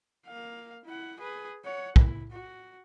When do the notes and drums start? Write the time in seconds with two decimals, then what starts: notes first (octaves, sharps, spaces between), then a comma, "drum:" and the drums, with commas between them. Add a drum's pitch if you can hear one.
0.26 A#3 F5
0.85 E4 F#5
1.20 G#4 B4
1.65 C#5 F#5
1.96 E4, drum: kick
2.32 F#4